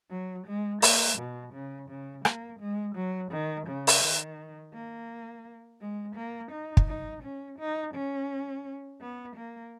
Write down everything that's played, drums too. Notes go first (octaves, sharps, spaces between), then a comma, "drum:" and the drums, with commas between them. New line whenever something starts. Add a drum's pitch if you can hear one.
F#3
G#3
A#3, drum: open hi-hat
B2
C#3
C#3
A#3, drum: rim click
G#3
F#3
D#3
C#3
drum: open hi-hat
D#3
A#3
G#3
A#3
D#4
drum: kick
D#4
C#4
D#4
C#4
B3
A#3